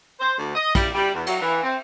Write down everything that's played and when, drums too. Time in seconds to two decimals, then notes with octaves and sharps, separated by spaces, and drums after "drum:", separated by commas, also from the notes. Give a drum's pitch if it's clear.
0.20 C5
0.37 D2
0.55 D#5
0.75 G3, drum: kick, cymbal
0.94 G3
1.14 E2
1.26 F#3, drum: cymbal
1.41 E3
1.63 C4